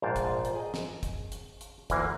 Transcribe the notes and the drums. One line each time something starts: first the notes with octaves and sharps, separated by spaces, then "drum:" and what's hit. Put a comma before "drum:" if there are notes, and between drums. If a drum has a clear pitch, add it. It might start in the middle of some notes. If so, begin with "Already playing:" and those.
A#1 G#2 F5 G5 A5
drum: kick, hi-hat
drum: hi-hat
G#4 D#5
drum: snare
drum: kick, hi-hat
drum: hi-hat
drum: hi-hat
D2 E3 A#3, drum: kick, hi-hat